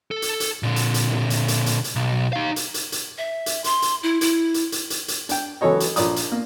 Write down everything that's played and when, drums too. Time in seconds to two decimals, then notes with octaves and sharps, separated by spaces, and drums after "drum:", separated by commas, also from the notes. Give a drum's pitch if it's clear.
0.11 A4
0.22 drum: hi-hat
0.40 drum: hi-hat
0.63 A#2 D3
0.76 drum: hi-hat
0.94 drum: hi-hat
1.12 drum: tom C3
1.30 drum: hi-hat
1.48 drum: hi-hat
1.66 drum: hi-hat
1.84 drum: hi-hat
1.96 B1
2.33 D#4 F5
2.56 drum: hi-hat
2.74 drum: hi-hat
2.92 drum: hi-hat
3.18 E5
3.46 drum: hi-hat
3.64 C6, drum: hi-hat
3.82 drum: hi-hat
4.03 E4
4.21 E4, drum: hi-hat
4.54 drum: hi-hat
4.72 drum: hi-hat
4.90 drum: hi-hat
5.08 drum: hi-hat
5.29 D4 G5, drum: hi-hat
5.61 C#2 E3 F#3 A4 C#5 D#5
5.80 drum: hi-hat
5.96 A#1 F3 D5 D#6, drum: hi-hat
6.16 drum: hi-hat
6.32 A#3